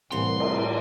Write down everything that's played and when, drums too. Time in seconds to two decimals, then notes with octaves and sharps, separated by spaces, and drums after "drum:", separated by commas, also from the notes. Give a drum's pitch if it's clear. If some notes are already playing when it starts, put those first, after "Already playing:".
0.12 C2 A2 E3 A#3 B3 C6
0.40 drum: cymbal